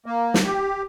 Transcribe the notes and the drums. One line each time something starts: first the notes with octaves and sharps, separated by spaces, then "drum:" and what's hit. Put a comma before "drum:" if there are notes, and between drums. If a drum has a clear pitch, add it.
A#3
drum: snare
G4